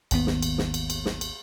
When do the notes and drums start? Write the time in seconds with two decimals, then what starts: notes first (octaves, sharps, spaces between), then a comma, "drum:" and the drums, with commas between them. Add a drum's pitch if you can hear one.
0.11 G#1 D#2 B3, drum: cymbal
0.27 drum: snare
0.42 drum: cymbal
0.58 drum: snare
0.74 drum: cymbal
0.90 drum: cymbal
1.05 drum: snare
1.21 drum: cymbal